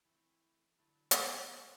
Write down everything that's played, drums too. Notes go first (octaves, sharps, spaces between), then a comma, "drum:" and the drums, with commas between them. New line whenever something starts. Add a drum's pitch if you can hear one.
E3 A3 C4 E4
D3 F#3 A3 E4 A4
drum: hi-hat
C3 F#3 A3 C4